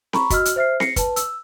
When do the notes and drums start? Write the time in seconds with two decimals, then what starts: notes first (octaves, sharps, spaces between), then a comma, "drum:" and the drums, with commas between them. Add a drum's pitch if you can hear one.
0.13 A#5 B5 C#6, drum: snare C4
0.30 F#4 D#5 E6 F6, drum: kick, hi-hat
0.45 drum: hi-hat
0.56 C5 E5 F6 C7
0.80 A#6 C7 C#7, drum: snare C4
0.96 B4 A5, drum: kick, hi-hat
1.16 E6, drum: hi-hat